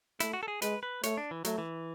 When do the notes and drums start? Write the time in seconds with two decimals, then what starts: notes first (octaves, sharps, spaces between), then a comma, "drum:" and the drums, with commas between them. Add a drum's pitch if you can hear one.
0.20 A3 E4, drum: hi-hat
0.33 F#4
0.43 A4
0.48 G#4
0.62 G#3 B4, drum: hi-hat
0.83 B4
1.03 A3 C#5, drum: hi-hat
1.17 D4
1.31 E3
1.45 F#3 A3, drum: hi-hat
1.58 E3